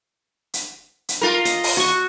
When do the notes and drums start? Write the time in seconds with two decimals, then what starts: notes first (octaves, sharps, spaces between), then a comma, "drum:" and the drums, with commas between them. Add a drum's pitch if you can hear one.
0.54 drum: hi-hat
1.09 drum: hi-hat
1.21 F4 A#4
1.45 D#5, drum: hi-hat
1.64 drum: open hi-hat
1.77 F#4 C#6